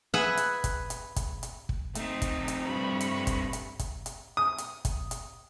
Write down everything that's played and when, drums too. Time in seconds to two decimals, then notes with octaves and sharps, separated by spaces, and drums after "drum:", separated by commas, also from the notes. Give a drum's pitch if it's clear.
0.14 G#4 B4 E5 F#5
0.37 drum: hi-hat
0.64 drum: kick, hi-hat
0.90 drum: hi-hat
1.16 drum: kick, hi-hat
1.43 drum: hi-hat
1.69 drum: kick
1.95 A3 C4 D#4, drum: hi-hat
2.22 drum: kick, hi-hat
2.48 drum: hi-hat
2.68 G2 B5 C#6
3.00 drum: hi-hat
3.27 drum: kick, hi-hat
3.53 drum: hi-hat
3.79 drum: kick, hi-hat
4.06 drum: hi-hat
4.37 D#6
4.58 drum: hi-hat
4.85 drum: kick, hi-hat
5.11 drum: hi-hat